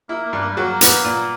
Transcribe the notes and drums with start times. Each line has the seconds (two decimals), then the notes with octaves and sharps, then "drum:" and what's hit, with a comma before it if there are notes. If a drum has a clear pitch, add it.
0.09 A#3 E4
0.25 A#3
0.33 G2
0.41 A#3
0.50 G3
0.57 F#3 A#3
0.81 B3, drum: hi-hat
1.04 A#2